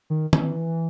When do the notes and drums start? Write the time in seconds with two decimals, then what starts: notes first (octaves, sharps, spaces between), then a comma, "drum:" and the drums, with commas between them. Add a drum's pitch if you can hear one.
0.10 D#3
0.33 E3, drum: tom D#3